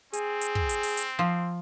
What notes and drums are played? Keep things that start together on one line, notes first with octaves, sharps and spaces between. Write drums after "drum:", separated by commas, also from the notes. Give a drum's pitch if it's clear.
C4 G#4, drum: hi-hat
drum: hi-hat
drum: kick
drum: hi-hat
drum: open hi-hat
drum: hi-hat
F3